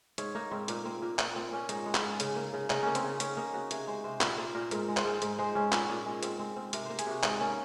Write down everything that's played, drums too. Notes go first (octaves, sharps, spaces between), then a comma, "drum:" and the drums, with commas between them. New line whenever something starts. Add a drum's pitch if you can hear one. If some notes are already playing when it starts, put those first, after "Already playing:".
G#2 C#5, drum: hi-hat
A#3 D#4
G#2 C4
A#2 A#3, drum: hi-hat
A#3 C4
A#2 A#3
A#2 A#3, drum: clap
A#3 C4
A#2 C#4
G#2 D#4, drum: hi-hat
G#3
F4, drum: clap
G#2
C#3, drum: hi-hat
A#3
C#3
C#3 D#4, drum: clap
A#3 C#4
C4, drum: hi-hat
C#3
C#3 C#4, drum: hi-hat
A#3 D#4
C#3 F#4
C3 G#4, drum: hi-hat
G#3 C5
C3 C5
A#2 A#4, drum: clap
A#3 C5
A#2 A#4
G#2 A#4, drum: hi-hat
G#3
C5, drum: clap
G#2
G#2, drum: hi-hat
G#3 C5
G#2 C#4
A#2, drum: clap
A#2
G#3
G#2 C4, drum: hi-hat
G#3 C4
G#2 C4
C3 A#4, drum: hi-hat
A#3 C5
G#4, drum: hi-hat
C3 F#4
G#2 D#4, drum: clap
A#3 C#4